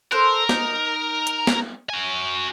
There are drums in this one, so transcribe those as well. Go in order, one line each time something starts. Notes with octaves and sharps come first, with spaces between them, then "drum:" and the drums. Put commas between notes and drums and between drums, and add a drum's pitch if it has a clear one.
A4 A#4 C5 F#6
D#4, drum: snare
drum: hi-hat
drum: snare
F#4 G#5